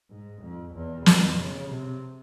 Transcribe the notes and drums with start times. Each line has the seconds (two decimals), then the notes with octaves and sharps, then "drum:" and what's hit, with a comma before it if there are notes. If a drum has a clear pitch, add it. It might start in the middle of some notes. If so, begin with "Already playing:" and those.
0.11 G#2
0.42 F2
0.75 E2
1.06 F2, drum: snare
1.38 C#3
1.69 C3